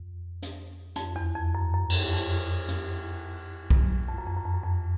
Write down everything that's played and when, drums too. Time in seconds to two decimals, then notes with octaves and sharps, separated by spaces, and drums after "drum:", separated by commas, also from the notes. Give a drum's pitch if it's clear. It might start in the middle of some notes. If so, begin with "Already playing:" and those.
Already playing: F2
0.42 drum: hi-hat
0.96 F2, drum: hi-hat
1.16 E2
1.35 F2
1.55 F#2
1.74 F#2
1.90 drum: cymbal
2.13 F2
2.68 drum: hi-hat
3.70 drum: kick B1
4.08 F2
4.18 F#2
4.27 F2
4.36 F#2
4.45 F2
4.54 F#2
4.63 F2